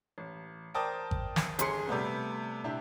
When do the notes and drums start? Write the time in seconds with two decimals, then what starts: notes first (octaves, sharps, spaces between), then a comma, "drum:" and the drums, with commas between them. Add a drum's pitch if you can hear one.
0.18 A1
0.74 A#4 C5 D5 G5 A5 D#6
1.11 drum: kick G#1
1.36 drum: snare
1.59 G1 G#4 C6 C#7, drum: hi-hat
1.87 C3 G3 A3 B3
2.64 C3 D4 E4 G4